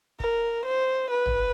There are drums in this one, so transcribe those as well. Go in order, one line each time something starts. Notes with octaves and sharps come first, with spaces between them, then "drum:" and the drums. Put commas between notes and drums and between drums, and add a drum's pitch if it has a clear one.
A#4, drum: kick
C5
B4
drum: tom